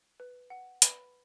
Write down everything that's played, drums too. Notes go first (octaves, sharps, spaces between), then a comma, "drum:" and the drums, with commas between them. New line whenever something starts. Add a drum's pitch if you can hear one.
B4
F#5
B4 B5, drum: hi-hat